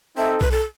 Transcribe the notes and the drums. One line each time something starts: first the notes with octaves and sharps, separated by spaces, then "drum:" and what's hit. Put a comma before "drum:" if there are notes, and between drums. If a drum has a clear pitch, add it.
C4 D#4 A4 E5
B4, drum: kick B1
A4